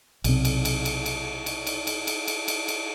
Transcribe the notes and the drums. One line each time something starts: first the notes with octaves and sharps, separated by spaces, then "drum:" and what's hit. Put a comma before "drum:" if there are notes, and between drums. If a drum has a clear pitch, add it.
B1 C3, drum: cymbal
drum: cymbal
drum: cymbal
drum: cymbal
drum: cymbal
drum: cymbal
drum: cymbal
drum: cymbal
drum: cymbal
drum: cymbal
drum: cymbal
drum: cymbal